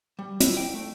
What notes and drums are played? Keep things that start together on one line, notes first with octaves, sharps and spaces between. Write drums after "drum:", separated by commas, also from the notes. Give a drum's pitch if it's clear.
G3
E4, drum: hi-hat
G5
A3